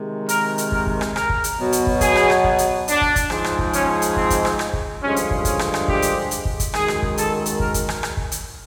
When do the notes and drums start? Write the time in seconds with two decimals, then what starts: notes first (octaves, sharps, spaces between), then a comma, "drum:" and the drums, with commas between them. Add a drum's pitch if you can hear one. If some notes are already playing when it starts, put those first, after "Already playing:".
Already playing: C3 D#3 G#3
0.29 A#4, drum: hi-hat
0.58 drum: hi-hat
0.72 A#4, drum: kick
0.87 drum: kick
1.01 drum: rim click
1.16 A#4, drum: rim click
1.30 drum: kick
1.44 drum: hi-hat
1.59 B2 F#3
1.72 drum: hi-hat
1.87 drum: kick
2.01 G#4, drum: kick, hi-hat
2.15 drum: rim click
2.30 drum: rim click
2.44 drum: kick
2.58 drum: hi-hat
2.88 D4, drum: hi-hat
3.01 drum: kick
3.16 drum: kick, hi-hat
3.30 G#2 F3 G#3, drum: rim click
3.44 drum: rim click
3.59 drum: kick
3.73 C#4, drum: hi-hat
4.02 drum: hi-hat
4.16 C4, drum: kick
4.30 drum: kick, hi-hat
4.45 drum: rim click
4.59 drum: rim click
4.73 drum: kick
5.02 G2 D3 F3 G#3 C#4
5.16 drum: hi-hat
5.31 drum: kick
5.45 C#4, drum: kick, hi-hat
5.59 drum: rim click
5.74 drum: rim click
5.88 G4, drum: kick
6.02 drum: hi-hat
6.31 drum: hi-hat
6.45 drum: kick
6.60 drum: kick, hi-hat
6.74 F#2 D#3 G#3 G#4, drum: rim click
6.88 drum: rim click
7.03 drum: kick
7.18 A4, drum: hi-hat
7.46 drum: hi-hat
7.60 A#4, drum: kick
7.74 drum: kick, hi-hat
7.89 drum: rim click
8.03 drum: rim click
8.17 drum: kick
8.32 drum: hi-hat